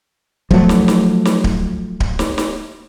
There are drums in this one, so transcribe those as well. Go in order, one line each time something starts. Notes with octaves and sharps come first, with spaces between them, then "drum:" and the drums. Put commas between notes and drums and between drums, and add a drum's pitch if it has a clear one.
F3 F#3 A3, drum: kick D1
drum: snare
drum: snare
drum: snare
drum: kick D1
drum: kick D1
drum: snare
drum: snare